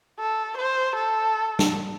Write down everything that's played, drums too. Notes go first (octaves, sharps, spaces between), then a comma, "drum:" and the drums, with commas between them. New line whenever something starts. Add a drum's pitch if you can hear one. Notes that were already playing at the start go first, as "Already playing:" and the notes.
A4
C5
A4
drum: snare